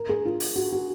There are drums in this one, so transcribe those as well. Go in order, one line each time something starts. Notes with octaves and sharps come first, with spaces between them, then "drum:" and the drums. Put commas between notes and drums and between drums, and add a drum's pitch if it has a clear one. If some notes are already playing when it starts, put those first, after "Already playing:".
Already playing: A#4
G#4
F4
drum: open hi-hat
F#4
F#4